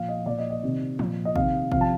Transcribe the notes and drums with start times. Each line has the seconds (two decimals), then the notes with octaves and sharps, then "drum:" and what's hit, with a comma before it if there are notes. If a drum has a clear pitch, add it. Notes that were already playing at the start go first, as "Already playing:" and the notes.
Already playing: A#2 F3 F5
0.09 D#5
0.26 A#2 F3 D5
0.38 D#5
0.50 D#5
0.63 C3 D#3
0.99 A#2 F3, drum: tom F3
1.25 D#5
1.36 C3 D#3 F5, drum: kick
1.72 C3 F3 F5, drum: kick
1.81 A5